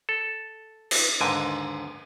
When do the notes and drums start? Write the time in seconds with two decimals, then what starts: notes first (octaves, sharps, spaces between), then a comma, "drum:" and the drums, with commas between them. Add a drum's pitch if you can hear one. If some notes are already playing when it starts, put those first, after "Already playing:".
0.09 A4
0.91 drum: cymbal
1.21 D#2 G#2 D3 G5 G#5